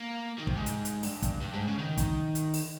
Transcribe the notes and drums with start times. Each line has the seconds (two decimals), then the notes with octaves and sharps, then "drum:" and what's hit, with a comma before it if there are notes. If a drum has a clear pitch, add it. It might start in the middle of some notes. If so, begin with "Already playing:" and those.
Already playing: A#3
0.39 D#3
0.47 C3, drum: kick
0.57 G#2
0.66 drum: hi-hat
0.85 drum: hi-hat
1.03 G2, drum: open hi-hat
1.22 drum: kick, hi-hat
1.41 G2
1.53 G#2
1.67 C#3
1.78 D#3
1.97 drum: kick, hi-hat
2.35 drum: hi-hat
2.54 drum: open hi-hat